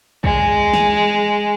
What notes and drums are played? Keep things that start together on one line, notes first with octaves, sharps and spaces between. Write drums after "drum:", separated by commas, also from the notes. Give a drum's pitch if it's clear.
G#3, drum: kick
drum: snare